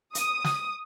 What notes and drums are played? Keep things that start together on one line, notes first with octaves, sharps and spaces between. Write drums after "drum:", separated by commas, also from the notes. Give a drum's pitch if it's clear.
D#6, drum: hi-hat
drum: snare